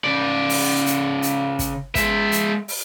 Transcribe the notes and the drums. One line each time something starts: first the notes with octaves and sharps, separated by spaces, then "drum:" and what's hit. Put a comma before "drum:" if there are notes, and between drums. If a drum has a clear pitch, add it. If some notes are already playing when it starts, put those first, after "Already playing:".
C#3 D5
drum: open hi-hat
drum: hi-hat
drum: hi-hat
drum: kick, hi-hat
G#3 E5, drum: kick, hi-hat
drum: hi-hat
drum: open hi-hat